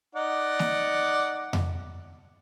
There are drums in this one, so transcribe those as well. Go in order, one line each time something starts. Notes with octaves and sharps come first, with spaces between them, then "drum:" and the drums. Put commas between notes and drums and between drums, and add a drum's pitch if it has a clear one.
D#4 D5 F#5
drum: snare
drum: tom F2